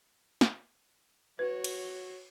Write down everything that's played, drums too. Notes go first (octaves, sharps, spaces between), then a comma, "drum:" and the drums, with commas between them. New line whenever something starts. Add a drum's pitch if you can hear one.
drum: snare
F#4 B4 C#5
drum: cymbal